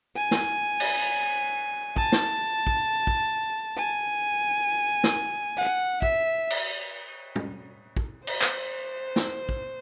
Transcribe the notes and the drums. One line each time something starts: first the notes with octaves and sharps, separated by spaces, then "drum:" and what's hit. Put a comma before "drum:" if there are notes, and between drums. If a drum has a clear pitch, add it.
G#5
drum: snare
drum: cymbal
A5, drum: kick
drum: snare
drum: kick
drum: kick
G#5
drum: snare
F#5
E5, drum: kick
drum: cymbal
drum: tom
drum: kick
C5, drum: cymbal
drum: clap
drum: snare
drum: kick